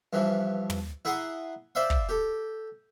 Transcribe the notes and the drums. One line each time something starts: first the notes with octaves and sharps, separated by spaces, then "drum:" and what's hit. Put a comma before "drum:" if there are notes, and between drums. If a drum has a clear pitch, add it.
G2 E3 F3
drum: tom
E4 G#4 F#5 A#5 C6 D#6
C5 D5 E5 F5 C6
drum: kick
G4 A4